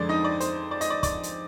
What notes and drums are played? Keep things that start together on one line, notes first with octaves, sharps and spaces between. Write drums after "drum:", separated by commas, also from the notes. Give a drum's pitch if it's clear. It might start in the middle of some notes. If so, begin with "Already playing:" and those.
Already playing: F2 D3 G#3 C5 D5
D#4 D#5
D5
C5, drum: hi-hat
D5
D#5, drum: hi-hat
D5
D5, drum: kick, hi-hat
drum: hi-hat